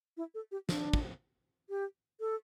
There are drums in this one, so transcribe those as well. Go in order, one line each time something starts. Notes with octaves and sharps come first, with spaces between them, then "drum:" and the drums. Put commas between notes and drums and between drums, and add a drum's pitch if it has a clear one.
E4
A4
G4
D4, drum: snare
drum: kick
G4
A4